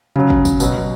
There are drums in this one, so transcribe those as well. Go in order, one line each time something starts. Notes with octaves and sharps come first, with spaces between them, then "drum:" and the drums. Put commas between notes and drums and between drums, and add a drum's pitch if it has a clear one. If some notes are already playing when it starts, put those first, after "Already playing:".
C#3 F#3, drum: tom B2
drum: kick
drum: kick, tambourine
B2 F#3, drum: tambourine
drum: tom